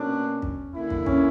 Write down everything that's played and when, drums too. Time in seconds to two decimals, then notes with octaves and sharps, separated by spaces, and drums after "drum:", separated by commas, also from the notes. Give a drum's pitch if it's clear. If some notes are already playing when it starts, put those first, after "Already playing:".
Already playing: B2 A#3 C#4 D4
0.42 drum: kick
0.75 D3 A#3 E4
0.90 drum: kick
1.06 C#4, drum: kick